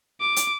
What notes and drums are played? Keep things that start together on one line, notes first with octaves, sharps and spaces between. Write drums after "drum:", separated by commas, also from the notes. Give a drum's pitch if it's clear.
D6
drum: hi-hat